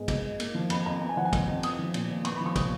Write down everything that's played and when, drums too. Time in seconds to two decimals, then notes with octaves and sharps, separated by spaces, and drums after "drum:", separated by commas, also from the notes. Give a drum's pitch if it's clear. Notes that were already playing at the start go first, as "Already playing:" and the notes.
Already playing: G#2 G#3 B3
0.08 B2, drum: kick, cymbal
0.24 B2
0.40 A#3, drum: cymbal
0.55 F3
0.70 F2 B5, drum: cymbal
0.86 F2 A#5
1.02 B3 A#5
1.09 G#5
1.17 F3 F#5
1.25 G#5
1.33 F2, drum: kick, cymbal
1.47 F2
1.63 B3 D#6, drum: cymbal
1.79 F3
1.94 A#2, drum: cymbal
2.10 A#2
2.25 B3 C#6, drum: cymbal
2.36 B5
2.41 F3
2.46 C#6
2.56 A#2 D#6, drum: kick, cymbal